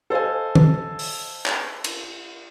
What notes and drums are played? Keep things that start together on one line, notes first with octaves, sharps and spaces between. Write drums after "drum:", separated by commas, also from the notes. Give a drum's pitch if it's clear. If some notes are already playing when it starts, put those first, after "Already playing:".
A4 C5 D#5 F5 G#5
drum: tom
drum: open hi-hat
drum: clap
drum: cymbal